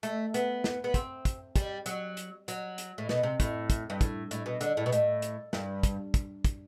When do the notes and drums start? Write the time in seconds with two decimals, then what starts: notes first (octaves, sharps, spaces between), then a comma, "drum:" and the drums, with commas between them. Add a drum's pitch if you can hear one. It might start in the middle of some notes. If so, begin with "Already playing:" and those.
0.03 A3, drum: hi-hat
0.34 B3, drum: hi-hat
0.64 drum: snare
0.84 B3
0.94 C4, drum: kick, hi-hat
1.25 drum: kick, hi-hat
1.56 G3, drum: kick, hi-hat
1.86 F#3, drum: hi-hat
2.17 drum: hi-hat
2.48 F#3, drum: hi-hat
2.78 drum: hi-hat
2.98 A2
3.09 B2, drum: snare
3.23 C3
3.40 A2, drum: kick, hi-hat
3.70 drum: kick, hi-hat
3.90 G2
4.01 A2, drum: kick, hi-hat
4.31 A2, drum: hi-hat
4.46 B2
4.61 D3, drum: hi-hat
4.77 A2
4.86 B2
4.92 A2, drum: hi-hat
5.22 drum: hi-hat
5.53 G2, drum: snare
5.83 drum: kick, hi-hat
6.14 drum: kick, hi-hat
6.45 drum: kick, hi-hat